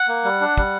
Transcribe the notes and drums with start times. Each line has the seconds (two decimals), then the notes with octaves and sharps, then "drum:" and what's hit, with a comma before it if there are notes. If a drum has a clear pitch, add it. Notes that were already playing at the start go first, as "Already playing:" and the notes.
Already playing: F#5
0.08 A#3
0.24 G3
0.41 D4
0.57 G3, drum: kick